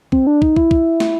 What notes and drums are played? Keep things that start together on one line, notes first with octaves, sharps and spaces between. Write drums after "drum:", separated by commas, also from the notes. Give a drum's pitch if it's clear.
C4, drum: kick
D4
D#4, drum: kick
E4, drum: kick
drum: kick
drum: snare